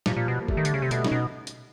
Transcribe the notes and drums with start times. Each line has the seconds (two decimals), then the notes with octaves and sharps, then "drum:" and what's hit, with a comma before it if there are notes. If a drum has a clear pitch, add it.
0.06 A#2 F3 G3, drum: snare
0.16 A#2
0.28 B2
0.41 A#3
0.48 G3 A3, drum: kick
0.57 D#3
0.65 D3, drum: hi-hat
0.74 C#3
0.82 C3
0.91 B2 G3 A3, drum: hi-hat
1.05 C#4 D#4, drum: snare
1.11 B2
1.47 drum: hi-hat